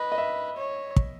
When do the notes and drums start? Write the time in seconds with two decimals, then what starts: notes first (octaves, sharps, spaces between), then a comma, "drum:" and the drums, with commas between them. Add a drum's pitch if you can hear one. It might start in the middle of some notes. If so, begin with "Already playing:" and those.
Already playing: B4 D#5
0.12 D#5
0.18 E5
0.57 C#5
0.96 drum: kick